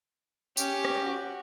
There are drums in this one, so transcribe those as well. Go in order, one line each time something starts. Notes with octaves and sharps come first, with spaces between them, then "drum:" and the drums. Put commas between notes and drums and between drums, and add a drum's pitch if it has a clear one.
C#4 G4, drum: tambourine
drum: rim click
F#4